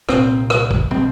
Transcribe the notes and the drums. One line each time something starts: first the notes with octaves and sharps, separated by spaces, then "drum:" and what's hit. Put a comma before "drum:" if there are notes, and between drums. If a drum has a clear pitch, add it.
C2 A#2 C4, drum: rim click
drum: rim click
drum: kick
B2 C4, drum: tom